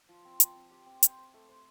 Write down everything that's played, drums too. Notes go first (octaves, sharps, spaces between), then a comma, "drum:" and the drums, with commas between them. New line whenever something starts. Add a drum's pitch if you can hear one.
F3
C4
F3, drum: hi-hat
C4
G4
C4
C5, drum: hi-hat
C5
A3
C5